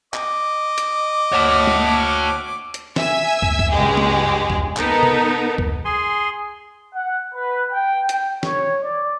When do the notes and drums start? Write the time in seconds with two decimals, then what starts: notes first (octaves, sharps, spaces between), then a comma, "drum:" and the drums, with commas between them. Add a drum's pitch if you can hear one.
0.14 D#5 D6, drum: clap
0.78 drum: hi-hat
1.32 D2 C#5 F#5 A5 F6
1.67 drum: tom
2.74 drum: hi-hat
2.96 E5 G#5 E6, drum: snare
3.42 drum: kick
3.59 drum: kick
3.70 C#2 G2 G#3 G4 G#4
3.97 drum: tom
4.50 drum: kick
4.77 B3 D#4 A4 A#4, drum: clap
5.03 drum: tom
5.58 drum: kick
5.85 G#4 G#5 C6
6.92 F#5
7.33 B4
7.72 G5
8.09 G5, drum: hi-hat
8.43 C#5, drum: snare
8.81 D5